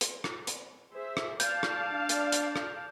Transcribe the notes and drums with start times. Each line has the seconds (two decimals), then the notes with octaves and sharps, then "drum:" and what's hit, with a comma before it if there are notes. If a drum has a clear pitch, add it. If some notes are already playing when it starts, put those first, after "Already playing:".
0.01 drum: hi-hat
0.24 drum: rim click
0.47 drum: hi-hat
0.92 G#4 C5 E5
1.17 drum: rim click
1.40 D5 F5 A5 G6, drum: hi-hat
1.63 drum: rim click
1.92 D4
2.09 drum: hi-hat
2.32 drum: hi-hat
2.56 drum: rim click